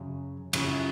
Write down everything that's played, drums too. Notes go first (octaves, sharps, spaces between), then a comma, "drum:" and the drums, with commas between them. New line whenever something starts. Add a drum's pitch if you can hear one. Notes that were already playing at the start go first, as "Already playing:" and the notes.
Already playing: F#2 C#3 F#3
F#2 C#3 F#3, drum: cymbal